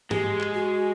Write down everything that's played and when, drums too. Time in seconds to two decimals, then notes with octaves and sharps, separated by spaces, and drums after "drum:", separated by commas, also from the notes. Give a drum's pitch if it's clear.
0.11 G#3 G4, drum: tom G#2
0.41 drum: clap
0.54 F#4